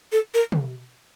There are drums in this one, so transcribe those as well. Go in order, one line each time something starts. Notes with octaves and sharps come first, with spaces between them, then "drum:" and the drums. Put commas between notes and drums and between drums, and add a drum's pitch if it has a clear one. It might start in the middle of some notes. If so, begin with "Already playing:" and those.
A4
A#4
drum: tom